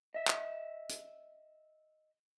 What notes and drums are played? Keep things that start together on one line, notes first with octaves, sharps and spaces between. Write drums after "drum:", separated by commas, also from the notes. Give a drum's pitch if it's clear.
D#5 E5
drum: clap
drum: hi-hat